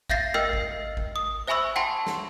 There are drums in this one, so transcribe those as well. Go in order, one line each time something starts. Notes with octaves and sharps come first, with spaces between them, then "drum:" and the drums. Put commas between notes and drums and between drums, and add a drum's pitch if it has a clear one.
E5 F5 G6 A6 A#6 C7, drum: kick G#1
A#4 D#5 G5 E6 F6 C7
drum: kick G#1
drum: kick G#1
D#6
C5 E5 G#5 B5 C#6 E6
F#5 G5 A5 C6
drum: snare